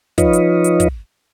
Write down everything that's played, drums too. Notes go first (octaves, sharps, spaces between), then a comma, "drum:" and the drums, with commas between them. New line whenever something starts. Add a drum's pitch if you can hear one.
F3 D#4 F4 B4 C#5 D#5, drum: kick, hi-hat
drum: hi-hat
drum: hi-hat
drum: kick, hi-hat